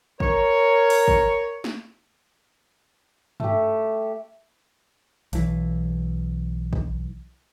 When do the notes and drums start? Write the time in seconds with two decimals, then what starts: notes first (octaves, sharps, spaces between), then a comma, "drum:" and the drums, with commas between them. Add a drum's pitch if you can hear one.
0.20 A#4 C#5, drum: kick
0.90 drum: open hi-hat
1.08 drum: kick
1.64 drum: snare
3.40 A3 G4, drum: tom G2
5.33 B1 E3, drum: hi-hat
6.73 drum: kick